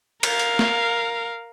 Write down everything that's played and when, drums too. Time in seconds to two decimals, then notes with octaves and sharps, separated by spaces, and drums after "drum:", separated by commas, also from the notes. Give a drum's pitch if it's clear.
0.23 A#4 F5, drum: cymbal
0.39 drum: hi-hat
0.59 drum: snare